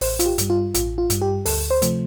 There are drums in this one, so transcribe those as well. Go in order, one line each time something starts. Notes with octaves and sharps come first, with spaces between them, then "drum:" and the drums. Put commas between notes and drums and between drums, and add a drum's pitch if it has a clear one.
A1 C5, drum: open hi-hat
F4, drum: hi-hat
G4
G2 G3, drum: hi-hat
F4
A1 F4, drum: hi-hat
F4
G2 G3, drum: hi-hat
G4
D2 A4, drum: open hi-hat
C5
C3 F3 A3, drum: hi-hat